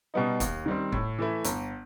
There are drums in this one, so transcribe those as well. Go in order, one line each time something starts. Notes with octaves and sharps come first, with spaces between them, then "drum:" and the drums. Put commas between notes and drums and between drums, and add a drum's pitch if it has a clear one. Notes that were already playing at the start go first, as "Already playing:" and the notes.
B2 G3 B3 D#4
D#2, drum: kick, hi-hat
D#3 G3 C4
A2, drum: kick
E3 A3 E4
G1, drum: hi-hat